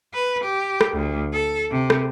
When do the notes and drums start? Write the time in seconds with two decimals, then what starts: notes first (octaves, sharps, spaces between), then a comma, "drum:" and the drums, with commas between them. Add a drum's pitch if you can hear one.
0.13 B4
0.44 G4
0.81 drum: rim click
0.94 D2
1.33 A4
1.71 C3
1.90 drum: rim click